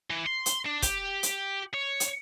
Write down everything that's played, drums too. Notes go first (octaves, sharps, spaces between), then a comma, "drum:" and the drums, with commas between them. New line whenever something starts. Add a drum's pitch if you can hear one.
E3
C6
drum: hi-hat
D4
G4, drum: kick, hi-hat
drum: hi-hat
C#5
drum: hi-hat